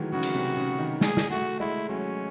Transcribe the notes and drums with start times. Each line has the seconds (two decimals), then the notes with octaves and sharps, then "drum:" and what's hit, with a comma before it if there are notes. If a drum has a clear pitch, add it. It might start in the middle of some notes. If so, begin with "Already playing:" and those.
Already playing: D#3 E3 F#3 G#3 A3
0.12 C#3 F#4
0.23 drum: cymbal
0.35 C3
0.57 C#3
0.79 D#3
1.01 G#4, drum: snare
1.17 drum: snare
1.30 A3 F#4
1.60 G#3 E4
1.89 F#3 C#4